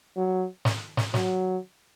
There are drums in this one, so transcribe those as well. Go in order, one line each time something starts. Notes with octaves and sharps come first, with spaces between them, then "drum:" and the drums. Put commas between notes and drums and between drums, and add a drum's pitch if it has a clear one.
F#3
drum: snare
drum: snare
F#3, drum: snare